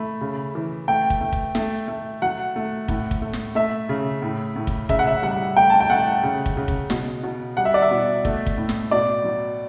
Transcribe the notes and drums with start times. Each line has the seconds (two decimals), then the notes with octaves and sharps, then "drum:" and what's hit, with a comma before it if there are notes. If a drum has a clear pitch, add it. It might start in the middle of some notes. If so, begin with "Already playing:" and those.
Already playing: A3 B5
0.21 C#3
0.55 E3
0.88 A3 G5
1.10 drum: kick
1.21 A3
1.33 drum: kick
1.55 A3, drum: snare
1.88 A3
2.22 F#3 F#5
2.56 A3
2.88 A2, drum: kick
3.11 drum: kick
3.22 A3
3.33 drum: snare
3.55 A3 E5
3.89 C#3
4.22 A2
4.56 A2
4.67 drum: kick
4.89 C#3 E5, drum: kick
4.99 F#5
5.07 E5
5.23 G3 F#5
5.57 A3 G5
5.70 A5
5.80 G5
5.90 A3 F#5
6.23 C#3
6.46 drum: kick
6.57 C#3
6.68 drum: kick
6.90 B2, drum: snare
7.23 B2
7.57 G3 F#5
7.65 E5
7.74 D5
7.82 E5
7.91 B2
8.25 A3, drum: kick
8.47 drum: kick
8.57 A2
8.69 drum: snare
8.91 B2 D5
9.24 F#3